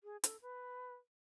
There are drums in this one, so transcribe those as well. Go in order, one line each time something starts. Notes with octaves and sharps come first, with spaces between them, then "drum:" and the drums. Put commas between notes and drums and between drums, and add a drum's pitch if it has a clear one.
G#4
A4, drum: hi-hat
B4